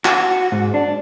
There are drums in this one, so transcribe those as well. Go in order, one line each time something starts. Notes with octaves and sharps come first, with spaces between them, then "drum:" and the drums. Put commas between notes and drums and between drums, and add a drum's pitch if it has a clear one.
F#4, drum: clap
G#2
D4